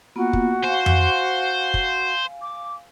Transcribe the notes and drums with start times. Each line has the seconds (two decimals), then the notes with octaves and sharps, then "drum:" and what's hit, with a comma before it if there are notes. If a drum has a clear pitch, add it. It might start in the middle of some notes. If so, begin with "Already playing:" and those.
0.16 A#3 B3 F4 F#4
0.33 drum: kick
0.63 C5 F5 G#5
0.86 drum: tom F2
1.74 drum: kick
2.41 D6